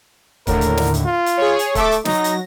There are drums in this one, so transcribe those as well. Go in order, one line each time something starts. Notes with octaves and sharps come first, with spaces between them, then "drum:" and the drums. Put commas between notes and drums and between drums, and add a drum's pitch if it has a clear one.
D#2 A2 D3 A#4, drum: kick C#1, hi-hat
drum: hi-hat
drum: snare
drum: hi-hat
F4
drum: hi-hat
G#4 C#5
drum: hi-hat
A3 A4 E5 D6, drum: kick C#1, hi-hat
drum: hi-hat
F#3 D#4 A#6, drum: snare
drum: hi-hat